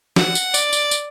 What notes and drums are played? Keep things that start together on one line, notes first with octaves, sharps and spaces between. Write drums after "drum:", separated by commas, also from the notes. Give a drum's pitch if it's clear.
F#5, drum: snare
drum: tambourine
D5, drum: tambourine
drum: tambourine
drum: tambourine